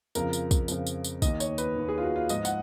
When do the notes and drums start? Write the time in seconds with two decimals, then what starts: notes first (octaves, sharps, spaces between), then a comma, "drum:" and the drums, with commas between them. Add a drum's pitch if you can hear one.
0.15 F2 C#3 F3 A#4, drum: tambourine
0.33 drum: tambourine
0.51 drum: kick, tambourine
0.68 F2 C#3 F3, drum: tambourine
0.87 drum: tambourine
1.04 drum: tambourine
1.22 D#2 D#3 D#5, drum: kick, tambourine
1.40 C#5, drum: tambourine
1.58 B4, drum: tambourine
1.76 D#2 D#3
1.89 G#4
1.98 F4
2.03 F#4
2.16 F4
2.29 G#2 F3 D#5, drum: tambourine
2.45 F#5, drum: tambourine